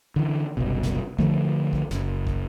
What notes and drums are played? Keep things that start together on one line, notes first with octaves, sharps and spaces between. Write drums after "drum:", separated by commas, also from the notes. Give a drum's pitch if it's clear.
D3 E3
F#1 C2 B2
drum: snare
D3 D#3 F3 A3, drum: kick
drum: kick
F#1, drum: snare
drum: kick